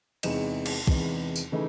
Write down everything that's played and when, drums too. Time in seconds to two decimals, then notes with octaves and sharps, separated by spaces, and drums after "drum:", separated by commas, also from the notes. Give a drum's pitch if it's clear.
0.23 E2 C3 E3 G#3 D#4, drum: cymbal
0.66 drum: cymbal
0.87 E2 C3 E3 G#3 D#4, drum: kick
1.36 drum: tambourine
1.52 C#3 E3 A3 D#4